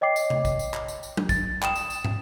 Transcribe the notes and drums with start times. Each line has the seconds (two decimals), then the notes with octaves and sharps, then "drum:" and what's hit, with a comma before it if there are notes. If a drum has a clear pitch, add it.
0.01 C#5 D#5 G5 D6 C7
0.16 drum: tambourine
0.30 drum: tom C3
0.45 drum: kick, tambourine
0.59 drum: tambourine
0.74 drum: clap
0.88 drum: tambourine
1.03 drum: tambourine
1.17 drum: tom
1.29 A6, drum: kick, tambourine
1.62 G5 D#6 E7, drum: clap
1.75 drum: tambourine
1.90 drum: tambourine
2.04 drum: tom